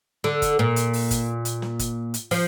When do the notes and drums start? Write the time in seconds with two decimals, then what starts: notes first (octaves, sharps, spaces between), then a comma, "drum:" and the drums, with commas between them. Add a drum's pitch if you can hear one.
0.24 D3, drum: snare
0.42 drum: kick G1, hi-hat
0.59 A#2
0.76 drum: hi-hat
0.93 drum: open hi-hat
1.11 drum: kick G1, hi-hat
1.45 drum: hi-hat
1.62 drum: snare
1.79 drum: kick G1, hi-hat
2.14 drum: hi-hat
2.31 F3, drum: open hi-hat